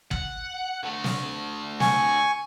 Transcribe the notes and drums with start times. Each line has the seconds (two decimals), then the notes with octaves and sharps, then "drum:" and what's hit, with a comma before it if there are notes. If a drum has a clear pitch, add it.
0.11 F#5, drum: kick
0.84 D3 A3
1.04 drum: snare
1.80 G#5 C#6, drum: snare